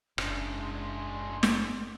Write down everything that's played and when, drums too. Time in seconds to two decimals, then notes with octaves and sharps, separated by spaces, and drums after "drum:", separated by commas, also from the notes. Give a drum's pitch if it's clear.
0.18 F#1 G#2 G#3 C#4 D4 C6, drum: rim click
1.43 drum: snare